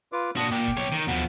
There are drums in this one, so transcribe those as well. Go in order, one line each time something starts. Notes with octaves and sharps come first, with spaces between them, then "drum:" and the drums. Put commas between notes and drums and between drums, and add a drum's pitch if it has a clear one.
F4 B4 D6
A#2 D4 F#4 D#6
A#2 G5 D6
drum: kick
B1 C#5
D#3
B2 F3 F#5, drum: tom